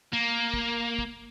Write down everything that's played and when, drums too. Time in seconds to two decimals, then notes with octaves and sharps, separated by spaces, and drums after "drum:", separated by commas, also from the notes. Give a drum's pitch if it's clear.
0.13 A#3
0.54 drum: kick
0.99 drum: kick